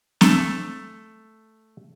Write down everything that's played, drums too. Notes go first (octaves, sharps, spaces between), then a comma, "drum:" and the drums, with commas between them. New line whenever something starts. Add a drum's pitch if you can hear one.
A3 A4, drum: snare C4